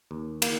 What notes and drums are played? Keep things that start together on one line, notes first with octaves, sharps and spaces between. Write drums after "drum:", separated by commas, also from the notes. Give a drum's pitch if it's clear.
D#2
A#3, drum: cymbal